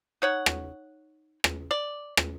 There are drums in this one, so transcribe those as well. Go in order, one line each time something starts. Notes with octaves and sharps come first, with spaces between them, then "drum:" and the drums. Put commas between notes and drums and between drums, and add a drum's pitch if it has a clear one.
D#4 C#5 F#5
drum: rim click
drum: rim click
D5
drum: rim click